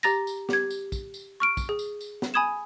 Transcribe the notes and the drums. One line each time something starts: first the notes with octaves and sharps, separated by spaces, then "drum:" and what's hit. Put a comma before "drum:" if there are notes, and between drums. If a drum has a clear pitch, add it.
G4 A#5 A6 A#6, drum: tambourine
drum: tambourine
G4 G#6, drum: snare
drum: tambourine
drum: kick, tambourine
drum: tambourine
C#6 F6 D7
drum: kick, tambourine
G#4
drum: tambourine
drum: tambourine
drum: snare
G#5 B5 D#6 G#6 E7